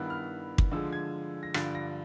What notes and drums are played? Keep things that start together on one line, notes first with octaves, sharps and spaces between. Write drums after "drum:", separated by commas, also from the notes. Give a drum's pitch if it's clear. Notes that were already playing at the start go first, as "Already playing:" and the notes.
Already playing: G2 D#3 G3 B3 E4 F#6
F6
drum: kick
D3 F3 G#3 E6
G#6
A#6
G2 D3 F3 A6, drum: rim click
A#6